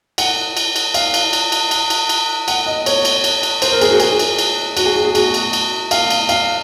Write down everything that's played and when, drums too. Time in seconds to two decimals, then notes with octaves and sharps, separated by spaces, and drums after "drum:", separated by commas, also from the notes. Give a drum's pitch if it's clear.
0.18 F#5, drum: cymbal
0.57 drum: cymbal
0.76 drum: cymbal
0.94 F5, drum: cymbal
1.14 drum: cymbal
1.33 drum: cymbal
1.52 drum: cymbal
1.71 drum: cymbal
1.90 drum: cymbal
2.09 drum: cymbal
2.48 F#5, drum: cymbal
2.66 D#5
2.86 C#5, drum: cymbal
3.05 drum: cymbal
3.24 drum: cymbal
3.43 drum: cymbal
3.62 C5, drum: cymbal
3.72 A#4
3.81 G#4, drum: cymbal
3.91 F#4
4.00 G#4, drum: cymbal
4.19 drum: cymbal
4.39 drum: cymbal
4.77 F#4, drum: cymbal
4.86 G#4
4.96 F#4
5.05 G#4
5.15 F#4, drum: cymbal
5.34 drum: cymbal
5.53 drum: cymbal
5.91 F5, drum: cymbal
6.10 drum: cymbal
6.29 F5, drum: cymbal